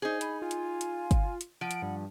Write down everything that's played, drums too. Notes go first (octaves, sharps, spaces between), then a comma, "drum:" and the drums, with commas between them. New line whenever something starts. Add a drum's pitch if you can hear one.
D#4 G#4 C5
B5, drum: hi-hat
F4 G#5
drum: hi-hat
drum: hi-hat
drum: kick, hi-hat
drum: hi-hat
F3 F#5 D7
drum: hi-hat
G2